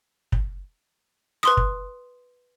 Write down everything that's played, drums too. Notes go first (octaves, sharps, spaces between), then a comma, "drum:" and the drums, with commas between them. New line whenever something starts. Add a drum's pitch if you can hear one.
drum: kick
B4 C6 D#6, drum: rim click
drum: kick